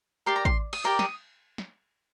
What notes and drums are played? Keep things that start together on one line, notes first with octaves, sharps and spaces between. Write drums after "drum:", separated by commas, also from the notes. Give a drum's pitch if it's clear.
G4 A#4 D5 C6
A#5
C6, drum: kick A1
D#6, drum: cymbal
G4 A#4 D5 D6
D#6, drum: snare
drum: snare